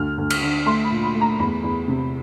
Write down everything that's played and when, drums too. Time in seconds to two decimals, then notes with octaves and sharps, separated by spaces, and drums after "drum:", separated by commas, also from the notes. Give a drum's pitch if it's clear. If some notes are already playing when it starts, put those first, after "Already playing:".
Already playing: D2 F6
0.18 D2
0.30 F6, drum: cymbal
0.42 D3
0.66 A3 C6
0.84 B5
0.91 A#2
1.03 B5
1.15 A3
1.21 A#5
1.39 E2 B5
1.64 E2
1.88 C3